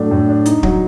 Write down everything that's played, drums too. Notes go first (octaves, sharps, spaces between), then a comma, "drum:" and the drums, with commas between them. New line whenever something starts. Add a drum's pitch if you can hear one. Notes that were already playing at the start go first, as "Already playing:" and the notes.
Already playing: A2 F#3 A3 D4
A2
D4
D#4, drum: hi-hat
F#3, drum: kick